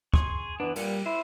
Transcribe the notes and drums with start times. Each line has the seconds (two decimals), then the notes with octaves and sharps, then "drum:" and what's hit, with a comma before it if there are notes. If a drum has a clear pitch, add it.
0.14 G#4 C6 C#6, drum: kick
0.60 E3 B3 D4
0.76 A#2 G3, drum: cymbal
1.06 E4 C5